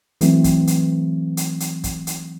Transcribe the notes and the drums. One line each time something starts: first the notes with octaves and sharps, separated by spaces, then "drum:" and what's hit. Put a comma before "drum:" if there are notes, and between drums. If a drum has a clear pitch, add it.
E3 F#3 A3 C4, drum: hi-hat
drum: kick, hi-hat
drum: hi-hat
drum: hi-hat
drum: hi-hat
drum: kick, hi-hat
drum: hi-hat